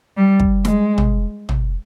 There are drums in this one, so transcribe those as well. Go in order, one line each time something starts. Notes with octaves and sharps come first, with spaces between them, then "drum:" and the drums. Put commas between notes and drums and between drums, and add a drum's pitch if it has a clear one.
G3
drum: kick
G#3, drum: snare
drum: tom
drum: tom